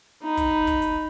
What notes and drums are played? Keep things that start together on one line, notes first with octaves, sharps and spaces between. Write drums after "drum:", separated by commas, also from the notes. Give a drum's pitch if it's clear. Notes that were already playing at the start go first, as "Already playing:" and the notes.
D#4 B5
drum: kick, hi-hat
drum: kick, hi-hat
drum: hi-hat